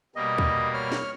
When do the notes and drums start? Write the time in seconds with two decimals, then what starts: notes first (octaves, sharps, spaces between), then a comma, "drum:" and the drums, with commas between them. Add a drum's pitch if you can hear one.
0.16 B2 G3 A#3 D#5
0.38 drum: kick D2
0.74 C#5 F6
0.92 drum: snare